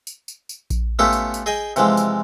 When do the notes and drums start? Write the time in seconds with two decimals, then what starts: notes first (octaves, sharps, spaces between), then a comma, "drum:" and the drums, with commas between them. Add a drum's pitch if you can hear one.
0.07 drum: tambourine
0.28 drum: tambourine
0.49 drum: tambourine
0.70 drum: kick A#1, tambourine
0.99 A3 B3 C#4 F4 G4 A4
1.13 drum: tambourine
1.34 drum: tambourine
1.46 G#4 D#5 G5 G#5
1.76 C3 E3 F3 G#3, drum: tambourine
1.97 drum: tambourine